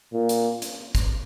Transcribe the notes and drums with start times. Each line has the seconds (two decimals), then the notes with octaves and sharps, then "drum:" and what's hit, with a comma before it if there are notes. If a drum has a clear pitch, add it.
0.14 A#2
0.29 drum: hi-hat
0.62 drum: hi-hat
0.95 drum: kick, hi-hat